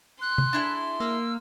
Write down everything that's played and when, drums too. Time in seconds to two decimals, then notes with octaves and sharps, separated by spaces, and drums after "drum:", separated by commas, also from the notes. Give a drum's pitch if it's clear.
0.21 C6 F#6
0.38 drum: tom
0.53 D4 E4 G#4
1.00 A#3 E6